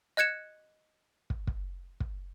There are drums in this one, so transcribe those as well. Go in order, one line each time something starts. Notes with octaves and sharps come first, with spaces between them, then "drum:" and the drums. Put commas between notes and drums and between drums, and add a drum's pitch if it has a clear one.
D#5 F#6 G#6 C#7 E7
drum: kick
drum: kick
drum: kick